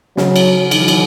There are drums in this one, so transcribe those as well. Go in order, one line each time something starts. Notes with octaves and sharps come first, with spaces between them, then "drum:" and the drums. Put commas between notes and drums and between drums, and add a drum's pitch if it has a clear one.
C#3 F#3, drum: snare
drum: cymbal
D#3 F#3, drum: cymbal
E3
D#3, drum: cymbal